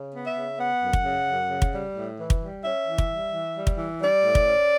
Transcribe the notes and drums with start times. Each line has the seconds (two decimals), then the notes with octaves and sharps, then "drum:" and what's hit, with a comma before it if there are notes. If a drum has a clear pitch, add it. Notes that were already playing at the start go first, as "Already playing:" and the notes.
Already playing: C#3
0.14 B3
0.25 E5
0.36 C#3
0.59 B3 F#5
0.83 F#2
0.93 drum: kick
1.04 C#3
1.28 F#2
1.50 C#3
1.62 drum: kick
1.72 G3
1.96 A2
2.19 E3
2.30 drum: kick
2.41 G3
2.64 C#4 E5
2.87 E3
2.98 drum: kick
3.10 G3
3.32 E3
3.56 G3
3.67 drum: kick
3.78 E3
4.00 G3 D5
4.24 A2
4.35 drum: kick
4.46 C#4